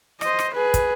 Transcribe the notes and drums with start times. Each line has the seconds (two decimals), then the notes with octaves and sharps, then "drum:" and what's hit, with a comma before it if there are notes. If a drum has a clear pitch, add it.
0.21 C5 D#5, drum: rim click
0.39 drum: rim click
0.54 G#4 B4
0.74 drum: kick, hi-hat